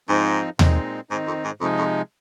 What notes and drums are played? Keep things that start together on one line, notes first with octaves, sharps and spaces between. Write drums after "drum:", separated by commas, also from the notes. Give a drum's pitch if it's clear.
G#2 F3 C4 D#4
A#2 G#3 C4 D#4, drum: tom D#2
G#2 D#3 C4 D#4
F2
G#2
F2 C3 F3 G#3 D#4
F2